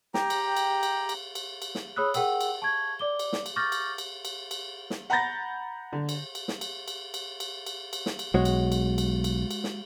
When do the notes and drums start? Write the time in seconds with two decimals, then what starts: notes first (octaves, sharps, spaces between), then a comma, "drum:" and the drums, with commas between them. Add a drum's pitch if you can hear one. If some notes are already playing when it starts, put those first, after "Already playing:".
0.14 G4 G5 A#5, drum: snare
0.30 drum: cymbal
0.56 drum: cymbal
0.83 drum: cymbal
1.09 drum: cymbal
1.35 drum: cymbal
1.62 drum: cymbal
1.75 drum: snare
1.96 G#4 C#5 B5 D#6 E6 F#6
2.14 G#4 A#4 F#5 G5 E6, drum: cymbal
2.41 drum: cymbal
2.62 A5 C#6 G#6
2.99 D5 D6 G7
3.19 drum: cymbal
3.33 drum: snare
3.46 drum: cymbal
3.56 C#6 D6 F6 G6 A6 A#6
3.72 drum: cymbal
3.98 drum: cymbal
4.25 drum: cymbal
4.51 drum: cymbal
4.90 drum: snare
5.10 F#5 A#5 B5 G6 A6 A#6
5.93 D3
6.09 drum: cymbal
6.35 drum: cymbal
6.48 drum: snare
6.61 drum: cymbal
6.88 drum: cymbal
7.14 drum: cymbal
7.40 drum: cymbal
7.66 drum: cymbal
7.93 drum: cymbal
8.06 drum: snare
8.19 drum: cymbal
8.34 B1 G#3 F#4 C#5
8.45 drum: cymbal
8.72 drum: cymbal
8.98 drum: cymbal
9.24 drum: cymbal
9.51 drum: cymbal
9.64 drum: snare